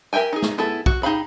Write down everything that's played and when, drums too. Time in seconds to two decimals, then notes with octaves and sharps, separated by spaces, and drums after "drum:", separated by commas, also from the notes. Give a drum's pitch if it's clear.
0.13 G4 A#4 E5 G5 G#5
0.33 D#4 G#4
0.42 drum: snare
0.58 B3 E4 G#4 A4
0.86 F#4, drum: kick
1.03 D#4 G4 G#4 F5 B5